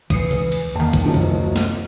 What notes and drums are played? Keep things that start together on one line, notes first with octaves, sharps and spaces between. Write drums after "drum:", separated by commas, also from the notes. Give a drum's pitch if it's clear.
E3 D#6 C7 C#7, drum: kick, cymbal
drum: tom C3
drum: cymbal
E2 D#3 A#3 A5
drum: kick, cymbal
F#1 D2 F3 F#3
drum: tom C3
drum: snare